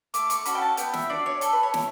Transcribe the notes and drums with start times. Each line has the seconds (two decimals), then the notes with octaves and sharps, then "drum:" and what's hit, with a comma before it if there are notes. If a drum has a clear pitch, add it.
0.14 A3 D6, drum: hi-hat
0.30 C#6, drum: hi-hat
0.45 C#4 F#4 A4 B5, drum: hi-hat
0.55 G5
0.61 A5
0.77 B3 G5, drum: hi-hat
0.93 E5, drum: snare
1.10 D4 F#4 D5
1.26 C#5
1.41 A3 A4, drum: hi-hat
1.53 B4
1.63 C#5
1.74 E4, drum: snare